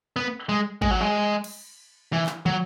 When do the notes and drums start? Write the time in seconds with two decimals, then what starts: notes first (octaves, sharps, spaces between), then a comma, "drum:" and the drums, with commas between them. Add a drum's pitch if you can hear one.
0.16 B3
0.49 G#3
0.82 G#3, drum: kick G#1
0.91 F#3
1.01 G#3
1.44 drum: cymbal
2.13 E3
2.26 drum: clap
2.46 F#3, drum: tom